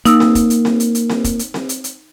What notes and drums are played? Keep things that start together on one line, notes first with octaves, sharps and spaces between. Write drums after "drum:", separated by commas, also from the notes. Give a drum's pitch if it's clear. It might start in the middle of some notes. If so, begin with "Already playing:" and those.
A#3 D#4 E6, drum: hi-hat
drum: snare C4
drum: kick, hi-hat
drum: hi-hat
drum: snare C4
drum: hi-hat
drum: hi-hat
drum: snare C4
drum: kick, hi-hat
drum: hi-hat
drum: snare C4
drum: hi-hat
drum: hi-hat